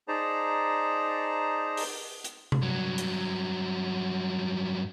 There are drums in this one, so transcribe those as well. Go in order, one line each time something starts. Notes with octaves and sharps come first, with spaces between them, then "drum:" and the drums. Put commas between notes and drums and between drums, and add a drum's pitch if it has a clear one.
D#4 G#4 C5 D5 A5 A#5
drum: open hi-hat
drum: hi-hat
drum: tom C3
G2 F#3
drum: hi-hat